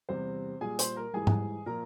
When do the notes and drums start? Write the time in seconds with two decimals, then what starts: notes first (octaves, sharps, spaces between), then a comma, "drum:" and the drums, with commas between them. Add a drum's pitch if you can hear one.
0.09 E2 C3 G3 C4 C5
0.61 A#2 G3 G#4 G#5
0.79 C5 C6, drum: hi-hat
0.96 A#4 A#5
1.13 G#2 E3 G3 G#4 G#5
1.27 drum: tom G#2
1.66 A#2 F3 A#4 A#5